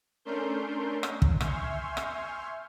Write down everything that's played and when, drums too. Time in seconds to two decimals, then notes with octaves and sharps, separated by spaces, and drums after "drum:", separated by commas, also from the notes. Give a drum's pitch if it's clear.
0.25 A3 C#4 D4 A#4 C6 G6
1.03 drum: rim click
1.22 drum: kick
1.40 E5 G#5 C6 C#6 F6 G6, drum: rim click
1.97 drum: rim click